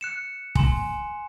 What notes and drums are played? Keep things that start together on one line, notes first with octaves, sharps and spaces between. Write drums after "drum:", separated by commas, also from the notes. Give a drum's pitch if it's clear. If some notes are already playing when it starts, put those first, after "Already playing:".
F#6 C#7 E7
G#5 C6 E7, drum: kick